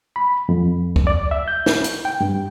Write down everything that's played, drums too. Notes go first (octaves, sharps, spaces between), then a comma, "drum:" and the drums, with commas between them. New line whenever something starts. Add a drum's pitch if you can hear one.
B5
F2
drum: kick
D5
E5
G6
drum: snare
drum: hi-hat
G5
G2